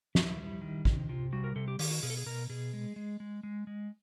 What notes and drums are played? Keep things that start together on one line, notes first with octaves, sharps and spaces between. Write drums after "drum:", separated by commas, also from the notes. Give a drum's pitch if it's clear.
G3 E4, drum: snare
G3
D#3
C3, drum: kick
C3 F4
G3 F#4
A#4
C3 A4
G4
D#3 G4, drum: open hi-hat
F#4
B2 G#4
A4
G#4
B2 A#4
B2 G#4
G#3
G#3
G#3
G#3
G#3